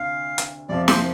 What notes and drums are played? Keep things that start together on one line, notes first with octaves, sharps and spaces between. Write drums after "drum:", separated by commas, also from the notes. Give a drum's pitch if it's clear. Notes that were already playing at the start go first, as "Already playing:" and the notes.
Already playing: D2 C3 F5
drum: hi-hat
F2 C3 F3 C4 D5
C5, drum: snare